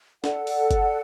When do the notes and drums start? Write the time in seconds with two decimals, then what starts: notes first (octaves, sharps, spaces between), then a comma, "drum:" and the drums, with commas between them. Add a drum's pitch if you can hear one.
0.24 A4 D5 F#5, drum: snare
0.47 drum: open hi-hat
0.71 drum: kick G1, hi-hat